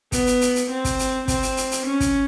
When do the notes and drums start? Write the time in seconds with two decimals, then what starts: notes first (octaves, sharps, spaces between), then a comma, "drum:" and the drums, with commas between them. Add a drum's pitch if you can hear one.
0.12 B3, drum: kick, hi-hat
0.27 drum: hi-hat
0.41 drum: hi-hat
0.56 drum: hi-hat
0.70 C4
0.85 drum: kick, hi-hat
0.99 drum: hi-hat
1.28 C4, drum: kick, hi-hat
1.42 drum: hi-hat
1.57 drum: hi-hat
1.71 drum: hi-hat
1.86 C#4
2.00 drum: kick, hi-hat